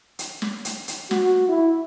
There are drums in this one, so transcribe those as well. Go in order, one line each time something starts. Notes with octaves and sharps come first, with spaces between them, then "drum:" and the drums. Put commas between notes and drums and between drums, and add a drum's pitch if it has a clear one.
drum: hi-hat
drum: snare
drum: hi-hat
drum: hi-hat
F#4, drum: snare
E4